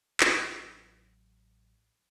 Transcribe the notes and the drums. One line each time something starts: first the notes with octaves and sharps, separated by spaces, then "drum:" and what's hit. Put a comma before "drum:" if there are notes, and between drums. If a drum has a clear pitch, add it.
A1 F#3, drum: clap